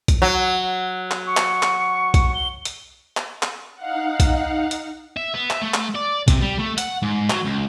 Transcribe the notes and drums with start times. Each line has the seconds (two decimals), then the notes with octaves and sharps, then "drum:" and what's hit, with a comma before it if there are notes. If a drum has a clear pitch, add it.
0.08 drum: kick B1, hi-hat
0.22 F#3
1.11 drum: clap
1.27 C#6
1.37 drum: clap
1.63 drum: clap
2.14 drum: kick B1, hi-hat
2.35 G7
2.65 drum: hi-hat
3.17 drum: clap
3.43 drum: clap
3.75 D#4 F5 F#5
4.20 drum: kick B1, hi-hat
4.71 drum: hi-hat
5.17 E5
5.34 B3
5.50 E5, drum: clap
5.62 A3
5.74 drum: clap
5.95 D5
6.28 C3, drum: kick B1, hi-hat
6.42 G3
6.59 A3
6.78 F#5, drum: hi-hat
7.02 G#2
7.30 F#3, drum: clap
7.46 C#2